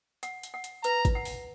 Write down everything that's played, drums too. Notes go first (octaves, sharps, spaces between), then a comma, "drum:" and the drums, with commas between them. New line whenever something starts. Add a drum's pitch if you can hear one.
F#5, drum: hi-hat
drum: hi-hat
F#5
drum: hi-hat
B4 A#5, drum: hi-hat
drum: kick G#1, hi-hat
F#5
drum: open hi-hat